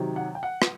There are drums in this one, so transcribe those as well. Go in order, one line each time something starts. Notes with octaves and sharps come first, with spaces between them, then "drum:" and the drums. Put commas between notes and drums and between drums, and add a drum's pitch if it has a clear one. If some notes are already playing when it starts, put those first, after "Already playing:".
Already playing: C3 D#3 F#3
F#5
G5
F#5
drum: rim click